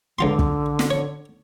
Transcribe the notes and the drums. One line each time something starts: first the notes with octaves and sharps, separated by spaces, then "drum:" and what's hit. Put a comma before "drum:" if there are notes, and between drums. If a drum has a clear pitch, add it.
C#2 D3 F4 C6
drum: kick
drum: snare
C#5